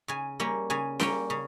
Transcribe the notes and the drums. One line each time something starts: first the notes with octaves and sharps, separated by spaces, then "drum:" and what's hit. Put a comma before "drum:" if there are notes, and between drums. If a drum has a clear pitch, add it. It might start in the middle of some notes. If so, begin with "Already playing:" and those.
C#3 G#5
G3 A#3 C#4
C#3 G#5
G3 A#3 C#4 G5, drum: snare C#4
C#3